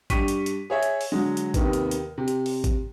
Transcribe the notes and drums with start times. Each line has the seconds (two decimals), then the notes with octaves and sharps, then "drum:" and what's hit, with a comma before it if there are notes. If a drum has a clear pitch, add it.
0.10 G2 G4 C#6 B6 D#7, drum: kick, hi-hat
0.28 drum: hi-hat
0.46 drum: hi-hat
0.70 G#4 C#5 E5
0.83 drum: hi-hat
1.01 drum: open hi-hat
1.12 D3 F#3 G#3
1.37 drum: hi-hat
1.54 D#2 C3 D#3 B3, drum: kick, hi-hat
1.73 drum: hi-hat
1.91 drum: hi-hat
2.18 C3
2.28 drum: hi-hat
2.46 drum: open hi-hat
2.64 drum: kick, hi-hat